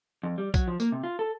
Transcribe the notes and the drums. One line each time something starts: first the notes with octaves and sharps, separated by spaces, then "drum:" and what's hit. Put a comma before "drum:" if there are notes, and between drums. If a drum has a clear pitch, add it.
F2
G3
F#3, drum: kick, tambourine
F3
A#3, drum: tambourine
C3
F4
A4